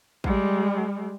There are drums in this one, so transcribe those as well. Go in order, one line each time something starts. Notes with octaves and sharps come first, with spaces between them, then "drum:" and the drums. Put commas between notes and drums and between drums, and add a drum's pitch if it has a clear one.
G3 G#3, drum: kick